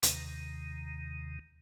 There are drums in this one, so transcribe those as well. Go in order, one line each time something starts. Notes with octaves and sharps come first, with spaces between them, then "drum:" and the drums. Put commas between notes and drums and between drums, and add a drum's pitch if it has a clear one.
D#2 C3 D#3, drum: hi-hat